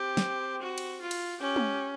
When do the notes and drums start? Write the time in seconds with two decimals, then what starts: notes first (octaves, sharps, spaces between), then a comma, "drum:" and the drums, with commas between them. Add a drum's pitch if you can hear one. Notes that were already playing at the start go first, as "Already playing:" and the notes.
Already playing: C4 G4
0.17 drum: snare
0.62 F#4
0.78 drum: cymbal
1.02 F4
1.11 drum: cymbal
1.41 C#4 G4
1.56 drum: tom G#3